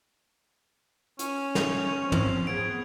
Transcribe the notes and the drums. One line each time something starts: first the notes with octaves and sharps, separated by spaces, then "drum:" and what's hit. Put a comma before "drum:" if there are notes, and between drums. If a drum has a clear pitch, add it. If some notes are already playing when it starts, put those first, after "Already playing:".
C#4, drum: hi-hat
F7, drum: snare
F3 C4
drum: tom
B3 G#4 G#6 D7